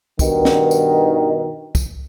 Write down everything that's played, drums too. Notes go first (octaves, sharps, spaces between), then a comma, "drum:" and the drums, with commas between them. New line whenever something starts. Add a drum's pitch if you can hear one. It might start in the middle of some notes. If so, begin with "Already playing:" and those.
G2 B2 D#3, drum: kick, tambourine
drum: snare
drum: tambourine
drum: kick, tambourine